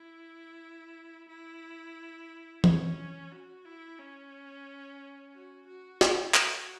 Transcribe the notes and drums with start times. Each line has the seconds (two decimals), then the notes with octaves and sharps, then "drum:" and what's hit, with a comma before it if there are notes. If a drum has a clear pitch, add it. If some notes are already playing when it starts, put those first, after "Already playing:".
Already playing: E4
1.29 E4
2.64 C#4, drum: tom E3
3.32 F#4
3.65 E4
3.99 C#4
5.34 F#4
5.67 F#4
6.01 E4, drum: snare
6.34 F#4, drum: clap